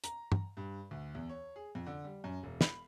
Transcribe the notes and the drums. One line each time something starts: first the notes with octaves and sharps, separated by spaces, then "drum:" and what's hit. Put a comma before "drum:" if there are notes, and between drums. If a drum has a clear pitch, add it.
A#5, drum: hi-hat
drum: tom
G2
D2
E2
C#5
G#4
F2
D3
G3
F#2
E1
B5, drum: snare